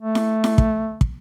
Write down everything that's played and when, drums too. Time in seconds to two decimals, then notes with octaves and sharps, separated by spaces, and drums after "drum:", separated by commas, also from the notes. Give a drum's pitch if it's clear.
0.01 A3
0.15 drum: snare E4
0.44 drum: snare E4
0.58 drum: kick
1.01 drum: kick